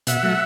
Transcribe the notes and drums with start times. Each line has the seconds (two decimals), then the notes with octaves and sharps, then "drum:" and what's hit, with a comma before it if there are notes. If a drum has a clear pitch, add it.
0.07 B2 E5 F#5, drum: hi-hat
0.23 F#3 A3